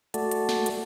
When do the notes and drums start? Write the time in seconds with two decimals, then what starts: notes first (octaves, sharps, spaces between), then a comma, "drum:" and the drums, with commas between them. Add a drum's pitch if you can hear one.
0.14 A3 F#4 A4 D5, drum: hi-hat
0.31 drum: hi-hat
0.49 drum: snare
0.66 drum: hi-hat